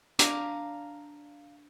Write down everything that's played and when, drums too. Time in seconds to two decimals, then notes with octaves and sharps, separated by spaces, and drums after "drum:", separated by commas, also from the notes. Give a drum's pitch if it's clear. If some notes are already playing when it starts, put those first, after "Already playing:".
0.19 D4 F5 A#5 D6, drum: hi-hat